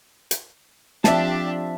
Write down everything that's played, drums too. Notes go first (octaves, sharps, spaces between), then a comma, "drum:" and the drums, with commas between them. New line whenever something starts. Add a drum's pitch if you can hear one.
drum: hi-hat
F3 C4 D4 G4 E5 A5, drum: snare